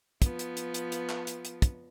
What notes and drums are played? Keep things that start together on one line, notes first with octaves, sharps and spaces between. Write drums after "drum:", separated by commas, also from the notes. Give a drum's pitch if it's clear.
F3 B3, drum: kick, hi-hat
drum: hi-hat
drum: hi-hat
drum: hi-hat
drum: hi-hat
drum: clap
drum: hi-hat
drum: hi-hat
drum: kick, hi-hat